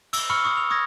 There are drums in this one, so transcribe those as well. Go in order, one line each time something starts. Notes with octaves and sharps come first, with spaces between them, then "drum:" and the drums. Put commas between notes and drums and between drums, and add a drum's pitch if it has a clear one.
E6 G7, drum: cymbal
B5 C#6 E6 F6 C#7 G7
C#6 D#6 E6
F7
C#6 D#6 G#6 A#6